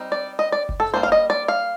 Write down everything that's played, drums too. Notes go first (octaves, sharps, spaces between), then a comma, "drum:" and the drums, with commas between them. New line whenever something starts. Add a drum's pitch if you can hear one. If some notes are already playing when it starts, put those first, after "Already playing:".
Already playing: G3 C4 D#4
D5
D#5
D5
drum: kick F#1
A4
G3 A#3 D4 C5
F5
D#5
D5
F5